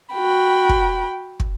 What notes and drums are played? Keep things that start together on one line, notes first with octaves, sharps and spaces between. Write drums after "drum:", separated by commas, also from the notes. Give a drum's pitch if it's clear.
F#4 G5 B5
drum: kick
drum: kick